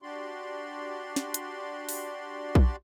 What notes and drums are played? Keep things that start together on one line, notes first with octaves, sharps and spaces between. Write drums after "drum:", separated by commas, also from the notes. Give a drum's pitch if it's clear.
D4 F#4 G4 D5 C6
drum: snare
drum: hi-hat
drum: open hi-hat
drum: kick B1